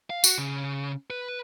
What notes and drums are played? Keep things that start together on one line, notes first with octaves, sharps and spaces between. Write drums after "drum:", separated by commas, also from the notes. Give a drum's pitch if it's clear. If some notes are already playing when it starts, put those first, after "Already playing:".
F5
F#4, drum: tambourine
C#3
B4